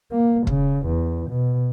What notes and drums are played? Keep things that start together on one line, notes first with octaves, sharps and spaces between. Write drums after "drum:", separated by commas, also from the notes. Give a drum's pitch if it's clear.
A#3
C#3, drum: kick
E2
B2